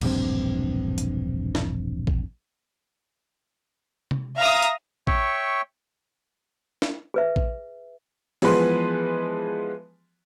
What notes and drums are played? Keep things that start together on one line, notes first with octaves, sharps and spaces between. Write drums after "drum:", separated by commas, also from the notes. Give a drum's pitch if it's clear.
E1 A#1 G2 C4, drum: cymbal
drum: hi-hat
drum: snare
drum: kick A1
drum: tom C3
E5 F5 A#5 D#6
drum: hi-hat
C#5 E5 G5 C#6, drum: kick A1
drum: snare
G#4 B4 E5
drum: kick A1
E3 F3 G#3 B3 B4 C6, drum: open hi-hat